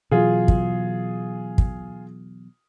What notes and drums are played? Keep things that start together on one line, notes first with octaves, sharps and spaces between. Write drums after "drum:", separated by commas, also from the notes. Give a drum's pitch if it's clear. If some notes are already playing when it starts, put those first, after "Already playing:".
B2 E3 F#3 F4 G#4
drum: kick
drum: kick